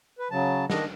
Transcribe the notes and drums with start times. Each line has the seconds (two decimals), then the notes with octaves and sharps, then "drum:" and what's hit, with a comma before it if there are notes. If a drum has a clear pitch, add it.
0.19 B4
0.31 C#3 F#3 A5
0.70 D#3 D4 D#5, drum: snare